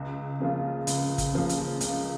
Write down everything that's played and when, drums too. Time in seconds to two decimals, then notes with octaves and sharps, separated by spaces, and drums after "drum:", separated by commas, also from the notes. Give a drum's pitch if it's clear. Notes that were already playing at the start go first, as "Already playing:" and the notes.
Already playing: C#2
0.40 C#3 F3 A#3 F4
0.87 C#2, drum: hi-hat
1.18 drum: kick, hi-hat
1.33 C#3 F3 A#3 F4
1.49 drum: hi-hat
1.81 C#2, drum: hi-hat